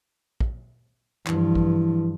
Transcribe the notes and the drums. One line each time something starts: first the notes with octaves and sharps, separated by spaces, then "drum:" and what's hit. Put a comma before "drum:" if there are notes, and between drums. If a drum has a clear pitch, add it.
drum: kick
G2 E3 F3, drum: clap
drum: kick